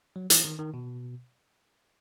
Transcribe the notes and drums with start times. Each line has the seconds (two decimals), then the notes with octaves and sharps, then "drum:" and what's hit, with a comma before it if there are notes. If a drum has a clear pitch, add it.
0.16 F#3
0.30 E3, drum: hi-hat
0.45 D#3
0.59 D#3
0.74 B2